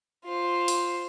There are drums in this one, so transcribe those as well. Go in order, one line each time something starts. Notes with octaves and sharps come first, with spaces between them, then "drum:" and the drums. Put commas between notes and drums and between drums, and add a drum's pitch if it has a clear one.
F4 C5
drum: open hi-hat